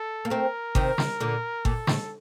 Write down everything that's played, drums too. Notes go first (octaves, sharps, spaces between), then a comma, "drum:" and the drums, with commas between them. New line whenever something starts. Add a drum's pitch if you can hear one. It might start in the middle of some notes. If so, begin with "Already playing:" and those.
Already playing: A4
A#3
A3 C4 A#4
C3 D#3, drum: kick G1
drum: snare
A#2 D3
A#2 A4, drum: kick G1
A2, drum: snare